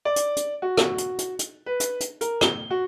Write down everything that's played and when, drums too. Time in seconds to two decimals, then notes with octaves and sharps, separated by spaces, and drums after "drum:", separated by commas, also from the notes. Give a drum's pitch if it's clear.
0.05 D5
0.16 drum: hi-hat
0.37 drum: hi-hat
0.62 F#4
0.78 drum: rim click
0.98 drum: hi-hat
1.18 drum: hi-hat
1.39 drum: hi-hat
1.66 B4
1.80 drum: hi-hat
2.00 drum: hi-hat
2.21 A#4, drum: hi-hat
2.41 G7, drum: rim click
2.71 F#4